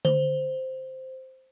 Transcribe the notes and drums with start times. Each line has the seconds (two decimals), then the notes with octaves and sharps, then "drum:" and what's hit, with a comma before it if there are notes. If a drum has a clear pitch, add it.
0.05 C5, drum: tom D3